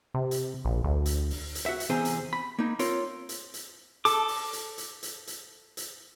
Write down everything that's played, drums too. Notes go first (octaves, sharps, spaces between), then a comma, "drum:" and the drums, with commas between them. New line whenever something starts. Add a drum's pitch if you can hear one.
C3
drum: hi-hat
A#1
D2
drum: hi-hat
drum: open hi-hat
drum: hi-hat
F#4 E5
drum: hi-hat
E2 C3 G#4 C5
drum: hi-hat
B5
A#3 D#4
C4 F4 A#4 C#5 C6, drum: hi-hat
drum: hi-hat
drum: hi-hat
A4 D6, drum: hi-hat
drum: open hi-hat
drum: hi-hat
drum: hi-hat
drum: hi-hat
drum: hi-hat
drum: hi-hat